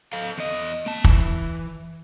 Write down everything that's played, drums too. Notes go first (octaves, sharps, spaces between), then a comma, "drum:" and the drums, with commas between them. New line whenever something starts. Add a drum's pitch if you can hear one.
A4 F5
E2 D#5
A#3 A5
E3, drum: kick